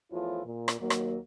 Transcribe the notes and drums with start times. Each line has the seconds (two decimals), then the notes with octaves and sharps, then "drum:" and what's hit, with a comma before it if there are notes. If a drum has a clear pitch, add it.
0.11 E2 F3 A3 E4 F4 C#5
0.45 A#2
0.68 drum: rim click
0.79 D#2 F#3 A#3
0.90 drum: rim click